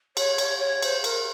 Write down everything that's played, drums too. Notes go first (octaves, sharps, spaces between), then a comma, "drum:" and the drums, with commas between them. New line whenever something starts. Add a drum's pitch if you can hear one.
C#5, drum: cymbal
C#5, drum: cymbal
C#5
C5, drum: cymbal
A#4, drum: cymbal